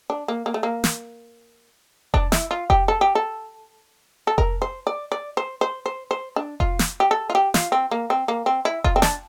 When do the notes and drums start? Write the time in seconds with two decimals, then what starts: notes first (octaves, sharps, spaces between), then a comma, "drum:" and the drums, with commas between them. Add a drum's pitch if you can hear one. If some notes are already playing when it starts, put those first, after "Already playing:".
0.10 D4
0.28 A#3
0.46 A#3
0.54 A3
0.63 A#3
0.84 drum: snare
2.14 D4, drum: kick F1
2.32 E4, drum: snare
2.51 F4
2.70 G4, drum: kick F1
2.88 A4
3.01 G4
3.15 A4
4.27 A4
4.38 A#4, drum: kick F1
4.62 C5
4.87 D5
5.12 D5
5.37 C5
5.61 C5
5.86 C5
6.11 C5
6.36 D4
6.60 F4, drum: kick F1
6.79 drum: snare
7.00 G4
7.11 A4
7.30 F4
7.35 G4
7.54 F4, drum: snare
7.72 C4
7.91 A#3
8.10 C4
8.28 A#3
8.46 C4
8.65 E4
8.84 F4, drum: kick F1
8.96 C4
9.02 D4, drum: snare